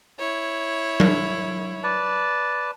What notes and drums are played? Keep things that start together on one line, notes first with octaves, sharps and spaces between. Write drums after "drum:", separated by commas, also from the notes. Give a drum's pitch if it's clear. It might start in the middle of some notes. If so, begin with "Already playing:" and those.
E4 C#5
drum: tom F#3
B4 D5 A5